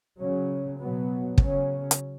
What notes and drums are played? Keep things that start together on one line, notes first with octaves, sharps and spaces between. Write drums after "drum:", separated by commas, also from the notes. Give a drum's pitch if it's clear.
C#3 F#3 C#4
B2 F#3 B3
C#3 F#3 C#4, drum: kick
drum: hi-hat